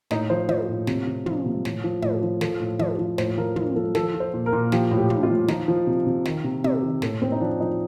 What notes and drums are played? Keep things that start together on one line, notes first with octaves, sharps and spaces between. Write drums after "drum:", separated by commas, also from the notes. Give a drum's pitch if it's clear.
A2 D#4, drum: snare
F3 C5
F3 C5, drum: tom
A2
C3, drum: snare
C3
F3, drum: tom
C3
A2, drum: snare
F3
A2, drum: tom
F3
F3 A4, drum: snare
A2
F3, drum: tom
F3
A2 C5, drum: snare
F3 A#4
F3 A#4, drum: tom
F3 A4
F3 A4, drum: snare
F3
C5
A#2
A#4
A#2
F3 G4, drum: snare
A2
G4
A2, drum: tom
F4
F3
F3 D#4, drum: snare
F3
C3
C3
D#3, drum: snare
C3
C3, drum: tom
D#3
A2 A4, drum: snare
A2 C4
D#4
F3 D4
F3 D#4